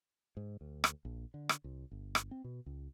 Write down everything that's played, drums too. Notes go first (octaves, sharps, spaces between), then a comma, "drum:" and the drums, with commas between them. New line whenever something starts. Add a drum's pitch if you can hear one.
G#2
D2
drum: rim click
A#1
D3
drum: rim click
C2
G1
drum: rim click
C4
B2
C#2